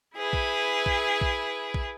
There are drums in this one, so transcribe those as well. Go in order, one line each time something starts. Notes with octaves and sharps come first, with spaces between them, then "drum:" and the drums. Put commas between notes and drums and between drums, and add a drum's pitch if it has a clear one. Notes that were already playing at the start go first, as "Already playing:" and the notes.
E4 G#4 B4
drum: kick A#1
drum: kick A#1
drum: kick A#1
drum: kick A#1